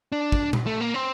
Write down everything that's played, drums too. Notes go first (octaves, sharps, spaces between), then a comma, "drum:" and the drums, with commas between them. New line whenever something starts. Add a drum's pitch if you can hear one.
D4
drum: kick
drum: tom A#2
A3
A#3
C4